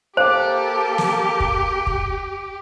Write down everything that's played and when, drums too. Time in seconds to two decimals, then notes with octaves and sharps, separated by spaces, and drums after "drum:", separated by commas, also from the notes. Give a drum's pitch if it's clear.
0.17 A#3 G4 A4 C5 F5 D6
0.98 drum: snare
1.40 drum: kick
1.87 drum: kick